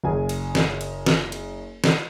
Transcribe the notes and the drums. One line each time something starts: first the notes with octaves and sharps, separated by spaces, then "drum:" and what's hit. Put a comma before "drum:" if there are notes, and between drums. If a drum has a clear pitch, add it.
F#1 G#4 G#5
drum: cymbal
drum: snare
drum: cymbal
drum: snare
drum: cymbal
drum: snare